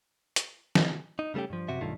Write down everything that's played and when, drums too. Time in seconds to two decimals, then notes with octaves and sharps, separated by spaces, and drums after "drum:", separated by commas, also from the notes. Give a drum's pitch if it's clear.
0.36 drum: hi-hat
0.75 drum: snare
1.19 D#4
1.34 C#3 G3 A3 C#4 G4
1.50 G2 F3
1.68 F#2 C3 F#4 E5
1.81 B1 G2 D#3 A3 F4